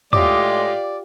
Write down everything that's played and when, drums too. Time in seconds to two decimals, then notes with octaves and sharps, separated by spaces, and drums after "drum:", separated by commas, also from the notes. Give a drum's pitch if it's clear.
0.13 A2 G#3 F4 G4 D5 D#5 D6, drum: tom